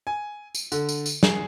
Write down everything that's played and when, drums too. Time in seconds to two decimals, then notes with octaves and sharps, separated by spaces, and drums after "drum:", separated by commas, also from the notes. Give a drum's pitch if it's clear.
0.07 G#5
0.55 drum: tambourine
0.72 D3, drum: tambourine
0.89 drum: tambourine
1.06 drum: tambourine
1.23 G#4, drum: snare